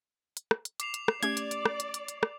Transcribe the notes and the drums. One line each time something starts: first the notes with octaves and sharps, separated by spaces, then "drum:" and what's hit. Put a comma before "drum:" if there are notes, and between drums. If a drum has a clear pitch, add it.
drum: hi-hat
drum: rim click
drum: hi-hat
D6 C7 F7, drum: hi-hat
drum: hi-hat
drum: rim click
A3 C#4 G4 D5 G#6, drum: hi-hat
drum: hi-hat
drum: hi-hat
drum: rim click
drum: hi-hat
drum: hi-hat
drum: hi-hat
drum: rim click